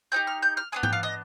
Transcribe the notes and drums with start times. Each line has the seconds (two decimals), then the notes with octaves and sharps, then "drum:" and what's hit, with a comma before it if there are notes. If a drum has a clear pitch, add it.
0.12 C4 D#4 G4 G6
0.27 F6
0.42 G6
0.57 F6
0.72 B3 D4 G#4 D#6
0.83 G5, drum: tom G#2
0.93 F5
1.03 D#5